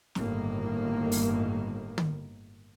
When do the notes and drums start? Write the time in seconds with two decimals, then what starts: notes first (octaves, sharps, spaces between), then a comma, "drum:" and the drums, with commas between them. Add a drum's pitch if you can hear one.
0.15 G1 A2 D#3 A#3, drum: snare
1.12 drum: open hi-hat
1.98 drum: tom